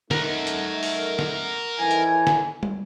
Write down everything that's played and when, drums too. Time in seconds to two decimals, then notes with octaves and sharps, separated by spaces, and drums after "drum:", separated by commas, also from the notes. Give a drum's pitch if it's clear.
0.11 A3 D#4 A#4 F#5, drum: snare
0.47 drum: hi-hat
0.83 drum: open hi-hat
1.19 drum: snare
1.79 A2 D#3 E3 G#5
1.91 drum: hi-hat
2.27 drum: snare
2.63 drum: tom